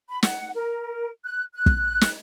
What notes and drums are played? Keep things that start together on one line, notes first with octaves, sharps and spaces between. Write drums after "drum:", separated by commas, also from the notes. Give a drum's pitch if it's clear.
B5
F#5, drum: snare
A#4
F#6
F#6
drum: kick
drum: snare